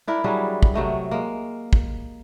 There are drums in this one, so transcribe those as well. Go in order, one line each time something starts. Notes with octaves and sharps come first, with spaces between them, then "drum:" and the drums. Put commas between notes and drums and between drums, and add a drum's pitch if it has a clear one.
D4 E4 A#4
F#3 G3 D4 G#4
drum: kick
C3 F#3 A3 D#5
G#3 A#3
drum: kick